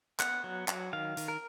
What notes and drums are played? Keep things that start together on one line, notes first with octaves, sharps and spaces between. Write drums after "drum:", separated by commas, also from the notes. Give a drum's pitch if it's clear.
B3 F#5, drum: clap
F#3
F#3, drum: clap
D#3 F5
D#3, drum: hi-hat
A#4